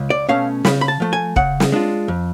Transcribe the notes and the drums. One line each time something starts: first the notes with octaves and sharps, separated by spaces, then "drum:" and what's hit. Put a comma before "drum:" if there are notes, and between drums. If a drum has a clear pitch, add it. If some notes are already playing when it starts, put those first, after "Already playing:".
Already playing: C#2
D5
B2 A3 C#4 F5
C#3 B5, drum: snare
B5
A5
F3 A3
G#5
C#3 F#5, drum: kick
drum: snare
G#3 D4 F4
F2